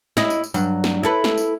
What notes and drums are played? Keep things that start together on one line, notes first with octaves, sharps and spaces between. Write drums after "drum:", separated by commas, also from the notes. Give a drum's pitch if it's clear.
E4 D#5, drum: snare
drum: tambourine
drum: tambourine
G2 F#3, drum: tambourine
drum: snare
E4 A4 B4
drum: snare
drum: tambourine